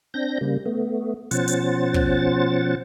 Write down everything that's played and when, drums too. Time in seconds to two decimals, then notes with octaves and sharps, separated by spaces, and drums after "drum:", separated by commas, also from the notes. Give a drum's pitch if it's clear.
0.14 C4 D4 G6 A#6
0.41 C#3 G3 A#3
0.66 A3 B3
1.31 B2 F3 C#4 C5 F#5 A6, drum: hi-hat
1.48 drum: hi-hat
1.94 drum: kick